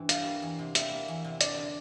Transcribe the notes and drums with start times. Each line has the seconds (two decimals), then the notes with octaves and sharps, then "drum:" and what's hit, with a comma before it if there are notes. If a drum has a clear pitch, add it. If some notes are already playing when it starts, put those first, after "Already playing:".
Already playing: G2 E3 C4
0.09 G3 F5, drum: hi-hat
0.26 A#3
0.42 E2
0.59 C3
0.75 G3 E5, drum: hi-hat
0.91 A#3
1.08 E2
1.24 C3
1.41 D4 D5, drum: hi-hat
1.57 D3